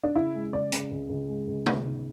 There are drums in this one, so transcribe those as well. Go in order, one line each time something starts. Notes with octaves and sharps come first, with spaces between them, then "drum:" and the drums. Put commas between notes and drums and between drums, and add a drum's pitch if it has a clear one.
D4
C#3 E4
G#3
C#3 D5
C#3, drum: hi-hat
C#2
C#2
G#3
C#2
B3, drum: tom
G#2